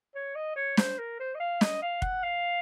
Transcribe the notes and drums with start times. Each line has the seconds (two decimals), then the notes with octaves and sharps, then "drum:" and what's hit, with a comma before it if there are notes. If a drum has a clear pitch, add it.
0.15 C#5
0.36 D#5
0.56 C#5
0.77 C5, drum: snare
0.99 A#4
1.20 C5
1.35 D#5
1.40 F5
1.61 D#5, drum: snare
1.82 F5
2.02 F#5, drum: kick
2.23 F5